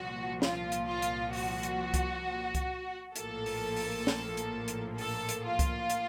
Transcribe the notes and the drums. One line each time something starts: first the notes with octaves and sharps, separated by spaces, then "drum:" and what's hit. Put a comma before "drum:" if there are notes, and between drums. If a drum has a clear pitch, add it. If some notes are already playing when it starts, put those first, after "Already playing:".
Already playing: C2 A#2 F3 F#4
F4, drum: snare
drum: hi-hat
F4
drum: hi-hat
F#4, drum: open hi-hat
drum: hi-hat
drum: kick C2, hi-hat
drum: kick C2, hi-hat
A#1 A2 F3 A#3 A4, drum: hi-hat
drum: open hi-hat
drum: open hi-hat
drum: snare
drum: hi-hat
drum: hi-hat
A4, drum: open hi-hat
drum: hi-hat
F4
drum: kick C2, hi-hat
drum: hi-hat